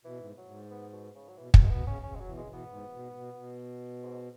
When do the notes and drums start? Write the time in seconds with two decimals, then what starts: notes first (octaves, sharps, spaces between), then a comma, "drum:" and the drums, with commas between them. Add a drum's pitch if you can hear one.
0.05 B2 E3
0.19 G#2
0.38 F#3
0.45 G#2
0.71 B3
0.93 B2
1.15 C#3
1.28 F#3
1.37 B2 E3
1.54 B2, drum: kick
1.64 G#3
1.70 B2 B3
1.86 C#3 C#4
2.03 C#3 C#4
2.15 G#3
2.20 F#3
2.25 B2 E3
2.37 C#3 G#3
2.47 B2 E3
2.53 B3
2.69 G#2
2.92 B2
3.14 B2
3.36 B2
4.03 G#2